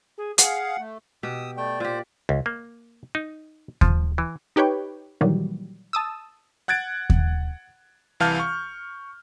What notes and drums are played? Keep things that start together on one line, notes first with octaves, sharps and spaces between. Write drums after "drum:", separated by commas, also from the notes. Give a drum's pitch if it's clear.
G#4
G#4 F5 F#5, drum: hi-hat
A3
B2 G4 D#6 E6
A3 D5 G5
A#2 G4 C5
C#2
A#3
D#4
F3, drum: kick D#2
E3
D#4 G4 B4 C#5 G5
A#2 D#3 E3 F#3 G3
A5 D#6 E6
F#5 F#6 G#6 A6 D7
drum: kick D#2
C2 E3 F5 A5 F6 G6
C#6